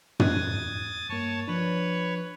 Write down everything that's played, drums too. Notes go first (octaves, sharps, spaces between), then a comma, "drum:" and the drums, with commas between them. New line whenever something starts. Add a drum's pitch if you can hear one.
E2 G#2 G#5 D#6 F#6 A6, drum: tom
G2 A#3 C#5 A5
F3 D4 B4 C#5